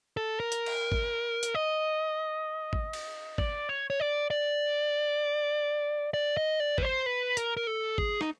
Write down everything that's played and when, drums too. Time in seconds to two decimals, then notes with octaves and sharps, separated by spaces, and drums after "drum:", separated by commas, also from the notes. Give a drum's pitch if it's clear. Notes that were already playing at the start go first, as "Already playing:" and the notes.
0.17 A4
0.40 A#4
0.52 drum: hi-hat
0.66 drum: cymbal
0.92 drum: kick G#1
1.43 drum: hi-hat
1.55 D#5
2.73 drum: kick G#1
2.93 drum: cymbal
3.38 D5, drum: kick G#1
3.69 C#5
3.90 C#5
4.00 D5
4.30 D5
6.14 D5
6.37 D#5
6.60 D5
6.78 B4, drum: kick G#1
6.83 C5
7.06 B4
7.37 A#4, drum: hi-hat
7.57 A#4
7.67 A4
7.98 G#4, drum: kick G#1
8.21 D#4, drum: rim click